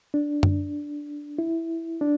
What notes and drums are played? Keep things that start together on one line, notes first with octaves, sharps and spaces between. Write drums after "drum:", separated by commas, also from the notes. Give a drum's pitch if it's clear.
D4
drum: tom F#2
E4
D4